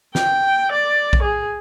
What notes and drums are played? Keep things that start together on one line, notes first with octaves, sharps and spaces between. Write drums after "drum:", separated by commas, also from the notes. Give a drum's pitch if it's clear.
G5, drum: snare
D5
drum: kick A#1
G#4